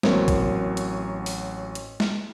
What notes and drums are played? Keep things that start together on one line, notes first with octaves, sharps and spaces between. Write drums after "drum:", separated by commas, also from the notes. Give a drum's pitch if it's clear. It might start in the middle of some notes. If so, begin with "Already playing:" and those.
A1 F#3 A#3 C4 C#5, drum: snare
drum: kick, hi-hat
drum: hi-hat
drum: open hi-hat
drum: hi-hat
drum: snare